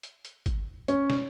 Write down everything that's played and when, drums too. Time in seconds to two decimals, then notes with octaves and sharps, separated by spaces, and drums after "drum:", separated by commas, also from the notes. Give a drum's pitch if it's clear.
0.03 drum: hi-hat
0.25 drum: hi-hat
0.46 drum: kick, hi-hat
0.88 C#4, drum: hi-hat
1.10 drum: snare